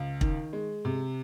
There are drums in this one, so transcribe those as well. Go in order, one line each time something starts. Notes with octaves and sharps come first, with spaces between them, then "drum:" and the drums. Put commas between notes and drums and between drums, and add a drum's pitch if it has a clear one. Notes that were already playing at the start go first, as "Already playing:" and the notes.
Already playing: C#2
D#3, drum: kick
G#3
C3